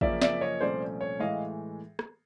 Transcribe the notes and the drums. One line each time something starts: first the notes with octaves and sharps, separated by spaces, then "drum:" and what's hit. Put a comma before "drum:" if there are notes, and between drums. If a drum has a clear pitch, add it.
F#2 C#3 F3 A#3 C#4 D5 E5, drum: kick
D5 E5, drum: snare
C#5 D#5
C2 A#2 F3 A3 C#4 C5 D5
C#5
A2 E3 G#3 D#5 F5
drum: rim click